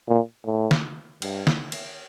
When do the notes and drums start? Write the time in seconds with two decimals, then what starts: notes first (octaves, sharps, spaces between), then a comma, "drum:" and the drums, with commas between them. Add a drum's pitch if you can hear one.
0.08 A#2
0.46 A2
0.71 drum: snare
1.22 G2, drum: cymbal
1.47 drum: snare
1.72 drum: cymbal